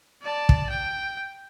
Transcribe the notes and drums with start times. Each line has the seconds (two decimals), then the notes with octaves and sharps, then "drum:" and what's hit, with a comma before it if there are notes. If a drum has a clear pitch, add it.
0.22 D5 A5
0.49 drum: kick
0.70 G5